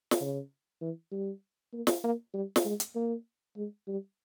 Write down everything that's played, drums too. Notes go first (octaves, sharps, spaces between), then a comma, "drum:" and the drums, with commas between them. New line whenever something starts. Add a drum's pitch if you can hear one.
drum: snare
C#3
E3
G3
A#3
drum: snare
A#3
G3
drum: snare
G#3
drum: hi-hat
A#3
G#3
G3